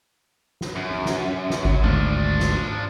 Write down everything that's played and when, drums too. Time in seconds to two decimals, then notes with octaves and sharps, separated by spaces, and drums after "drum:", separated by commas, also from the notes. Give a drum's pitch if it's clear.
0.61 drum: snare
0.76 F#2
0.91 drum: tom
1.06 drum: snare
1.50 drum: snare
1.65 drum: kick G#1
1.83 G#1 D2 F3 D4
2.39 drum: snare
2.69 drum: tom